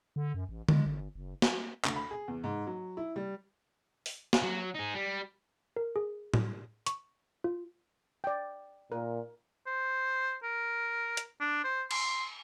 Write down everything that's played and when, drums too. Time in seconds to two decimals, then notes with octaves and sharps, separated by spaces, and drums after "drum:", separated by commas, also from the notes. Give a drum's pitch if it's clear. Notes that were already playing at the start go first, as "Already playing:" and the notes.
0.16 D3
0.34 F#2
0.49 A1
0.69 G#3, drum: tom D3
0.86 G1
1.15 F#1
1.42 drum: snare
1.85 D2, drum: clap
1.96 B5
2.11 G#4
2.28 E2
2.44 G#2
2.67 F#3
2.97 E4
3.16 G3
4.06 drum: open hi-hat
4.33 drum: snare
4.43 F#3
4.75 D#4 G#4
4.95 G3
5.76 A#4
5.96 G#4
6.34 drum: tom A2
6.86 C#6, drum: hi-hat
7.44 F4
8.24 D5 G5
8.92 A#2 A#4
9.67 C5
10.43 A#4
11.17 drum: hi-hat
11.41 D4
11.64 C5
11.91 C6, drum: cymbal